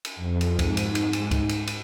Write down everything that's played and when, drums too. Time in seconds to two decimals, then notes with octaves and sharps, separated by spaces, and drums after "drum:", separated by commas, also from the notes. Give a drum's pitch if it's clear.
0.05 drum: cymbal
0.16 F2
0.41 drum: cymbal
0.59 G#2, drum: kick C#2, cymbal
0.77 drum: cymbal
0.95 drum: cymbal
1.13 drum: cymbal
1.31 drum: kick C#2, cymbal
1.49 drum: cymbal
1.67 drum: cymbal